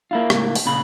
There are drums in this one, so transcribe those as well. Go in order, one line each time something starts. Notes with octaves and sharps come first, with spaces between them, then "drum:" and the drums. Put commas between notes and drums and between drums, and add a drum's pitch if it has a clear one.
A#3 E4 F4
C#2 A2 A#3, drum: rim click
drum: open hi-hat
A#2 C#3 B5